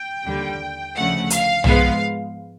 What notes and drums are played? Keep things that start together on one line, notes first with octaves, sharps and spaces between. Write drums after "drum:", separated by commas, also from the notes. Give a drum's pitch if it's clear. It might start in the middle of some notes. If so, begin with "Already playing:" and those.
Already playing: G5
D#2 D3 G3
D2 C#3 F3 A3 F#5
F5, drum: hi-hat
G#2 F3 G#3 B3 F5, drum: tom